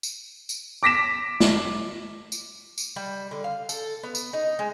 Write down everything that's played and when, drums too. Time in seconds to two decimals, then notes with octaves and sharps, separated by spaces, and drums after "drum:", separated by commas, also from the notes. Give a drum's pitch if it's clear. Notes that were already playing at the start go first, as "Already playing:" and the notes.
0.03 drum: tambourine
0.49 drum: tambourine
0.83 D6 A#6 B6 E7
1.40 drum: snare
2.32 drum: tambourine
2.78 drum: tambourine
2.96 G3
3.31 D3
3.44 F5
3.69 A4, drum: tambourine
4.03 B3
4.15 drum: tambourine
4.33 D#4
4.59 G#3